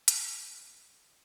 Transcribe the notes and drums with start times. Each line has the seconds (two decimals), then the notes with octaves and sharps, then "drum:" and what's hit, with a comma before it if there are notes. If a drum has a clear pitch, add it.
0.08 A2 F3 G3 C4 E4 F#4, drum: hi-hat